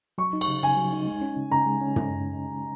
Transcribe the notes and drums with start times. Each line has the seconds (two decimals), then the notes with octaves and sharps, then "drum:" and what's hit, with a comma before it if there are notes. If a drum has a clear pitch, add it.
0.18 F#3 C#6
0.33 D#4
0.41 C#6, drum: cymbal
0.48 C#3
0.63 C#3 G#5
0.77 F#3
0.93 D#4
1.08 G#3
1.22 C#4
1.37 C#3
1.51 C#3 A#5
1.66 G#3
1.81 C#4
1.96 drum: tom